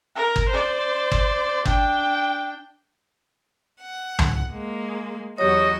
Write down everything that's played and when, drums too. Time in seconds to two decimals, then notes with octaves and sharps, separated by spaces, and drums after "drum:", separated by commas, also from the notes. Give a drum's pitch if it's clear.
0.15 A#4
0.36 drum: kick G1
0.49 C5 D5
1.12 drum: kick G1
1.65 D4 G5, drum: kick G1
3.82 F#5
4.19 drum: tom C#2
4.51 G#3 A#3
5.38 E2 F#3 F#4 G4 C#5 D#5